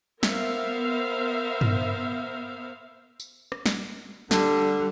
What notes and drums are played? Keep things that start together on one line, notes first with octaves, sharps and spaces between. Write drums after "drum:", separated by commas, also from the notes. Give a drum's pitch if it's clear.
B3 A#4 C5 E5 F5, drum: snare
drum: tom G2
drum: tambourine
drum: rim click
drum: snare
D3 G3, drum: snare